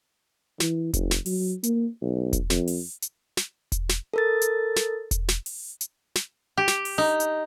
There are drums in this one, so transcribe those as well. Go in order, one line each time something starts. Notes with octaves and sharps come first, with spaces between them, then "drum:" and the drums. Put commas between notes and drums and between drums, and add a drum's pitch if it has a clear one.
E3, drum: snare
F#1, drum: kick E1, hi-hat
drum: snare
F#3, drum: open hi-hat
A#3, drum: hi-hat
B1
drum: kick E1, hi-hat
F2, drum: snare
drum: open hi-hat
drum: hi-hat
drum: snare
drum: kick E1, hi-hat
drum: snare
A4 A#4 A6
drum: hi-hat
drum: snare
drum: kick E1, hi-hat
drum: snare
drum: open hi-hat
drum: hi-hat
drum: snare
G4
drum: snare
drum: open hi-hat
D#4
drum: hi-hat